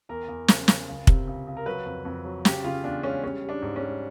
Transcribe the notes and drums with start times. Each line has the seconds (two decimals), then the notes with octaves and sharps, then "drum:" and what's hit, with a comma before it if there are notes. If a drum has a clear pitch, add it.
0.09 E2 A#4
0.28 E2
0.48 C#3, drum: snare
0.68 C#3, drum: snare
0.87 C#2
1.07 C3, drum: kick
1.27 C#2
1.47 C#2
1.57 A#4
1.66 F#3 B4
1.85 F2
2.05 F2
2.25 F#3
2.45 C#3 G4, drum: snare
2.64 C#3 F4
2.84 E2 D4
3.03 G#3 C#4
3.23 G3 C#4
3.43 G3
3.49 D4
3.62 G#2
3.76 C#4
3.82 G3